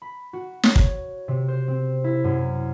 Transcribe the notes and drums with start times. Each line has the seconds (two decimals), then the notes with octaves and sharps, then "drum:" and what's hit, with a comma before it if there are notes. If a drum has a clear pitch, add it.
0.02 B5
0.33 F#4
0.63 C#5, drum: snare
0.76 drum: kick
1.28 C3
1.48 C5
1.68 C4
2.04 E4
2.24 F#2